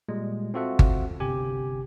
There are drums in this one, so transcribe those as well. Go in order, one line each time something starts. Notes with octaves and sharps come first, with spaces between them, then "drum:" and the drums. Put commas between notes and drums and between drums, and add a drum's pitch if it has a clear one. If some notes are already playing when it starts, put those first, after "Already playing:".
A#2 G3 G#3
C4 F4 F#4 A4 E5 F#5
drum: kick G1
G1 C3 G4 G#5